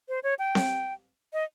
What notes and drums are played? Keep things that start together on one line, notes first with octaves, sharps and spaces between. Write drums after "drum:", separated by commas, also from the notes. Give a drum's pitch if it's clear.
C5
C#5
G5
drum: snare C4
D#5